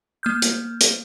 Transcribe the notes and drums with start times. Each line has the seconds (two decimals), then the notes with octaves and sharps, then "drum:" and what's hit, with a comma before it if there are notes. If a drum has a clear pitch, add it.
0.23 A#3 F6 G6
0.42 drum: hi-hat
0.81 drum: hi-hat